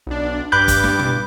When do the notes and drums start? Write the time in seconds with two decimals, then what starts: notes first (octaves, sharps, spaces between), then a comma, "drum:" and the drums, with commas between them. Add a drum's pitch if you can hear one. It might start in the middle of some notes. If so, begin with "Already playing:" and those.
0.07 B1 D4
0.52 G2 B5 D6 F#6 G6
0.68 drum: kick, hi-hat
0.84 drum: snare
0.99 drum: tom